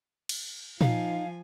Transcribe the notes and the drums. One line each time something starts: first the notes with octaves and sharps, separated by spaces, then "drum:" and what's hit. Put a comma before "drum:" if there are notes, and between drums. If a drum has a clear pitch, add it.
drum: cymbal
F3 D#4 F5 G#5, drum: tom A#2